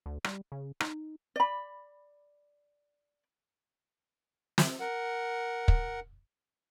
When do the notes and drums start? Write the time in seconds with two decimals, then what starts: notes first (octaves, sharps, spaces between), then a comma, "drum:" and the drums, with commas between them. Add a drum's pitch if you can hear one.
0.06 D2
0.24 G3, drum: rim click
0.52 C#3
0.80 D#4, drum: rim click
1.36 D5 B5
4.58 drum: snare
4.80 A#4 F#5
5.68 drum: kick